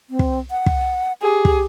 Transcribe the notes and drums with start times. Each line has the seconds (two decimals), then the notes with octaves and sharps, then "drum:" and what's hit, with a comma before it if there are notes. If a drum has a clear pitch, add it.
0.10 C4
0.19 drum: kick
0.51 F#5
0.66 drum: kick
1.22 G4 G#4
1.45 drum: kick